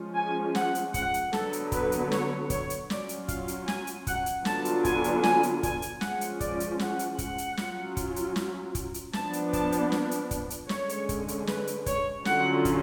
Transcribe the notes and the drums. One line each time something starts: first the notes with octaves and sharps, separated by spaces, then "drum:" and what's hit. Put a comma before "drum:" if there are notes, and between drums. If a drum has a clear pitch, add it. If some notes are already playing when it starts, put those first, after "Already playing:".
Already playing: F3 G#3 C#4 F4
G#5
F#5, drum: snare
drum: hi-hat
F#5, drum: kick, hi-hat
drum: hi-hat
D3 F#3 B3 A4, drum: snare
drum: hi-hat
B4, drum: kick, hi-hat
drum: hi-hat
C#5, drum: snare
C#5, drum: kick, hi-hat
drum: hi-hat
F#3 C#4 F4 D5, drum: snare
drum: hi-hat
F5, drum: kick, hi-hat
drum: hi-hat
G#5, drum: snare
drum: hi-hat
F#5, drum: kick, hi-hat
drum: hi-hat
D3 F#3 B3 D4 F4 A5, drum: snare
drum: hi-hat
G#5, drum: kick, hi-hat
drum: hi-hat
G#5, drum: snare
drum: hi-hat
G#5, drum: kick, hi-hat
drum: hi-hat
F3 G#3 C#4 F4 F#5, drum: snare
drum: hi-hat
D5, drum: kick, hi-hat
drum: hi-hat
F#5, drum: snare
drum: hi-hat
F#5, drum: kick, hi-hat
drum: hi-hat
F#3 C#4 F4, drum: snare
drum: kick, hi-hat
drum: hi-hat
drum: snare
drum: kick, hi-hat
drum: hi-hat
F3 B3 D4 A5, drum: snare
drum: hi-hat
A5, drum: kick, hi-hat
drum: hi-hat
drum: snare
drum: hi-hat
drum: kick, hi-hat
drum: hi-hat
D3 G#3 C#4 C#5, drum: snare
drum: hi-hat
drum: kick, hi-hat
drum: hi-hat
B4, drum: snare
drum: hi-hat
C#5, drum: kick, hi-hat
D3 F#3 C#4 F4 F#5, drum: snare
drum: kick, hi-hat